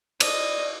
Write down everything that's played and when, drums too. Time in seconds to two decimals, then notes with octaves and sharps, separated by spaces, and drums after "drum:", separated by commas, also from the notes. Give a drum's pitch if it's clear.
0.20 D4 D5 D#5, drum: cymbal